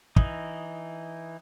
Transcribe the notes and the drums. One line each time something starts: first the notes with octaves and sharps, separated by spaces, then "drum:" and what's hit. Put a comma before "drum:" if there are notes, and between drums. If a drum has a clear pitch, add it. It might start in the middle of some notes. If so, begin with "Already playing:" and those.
E3 D#4, drum: kick